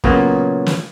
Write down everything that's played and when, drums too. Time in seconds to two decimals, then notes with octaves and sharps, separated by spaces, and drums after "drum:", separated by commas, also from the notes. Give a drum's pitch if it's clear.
0.04 A#2 C#3 F#3 A#3 B3, drum: kick
0.66 drum: snare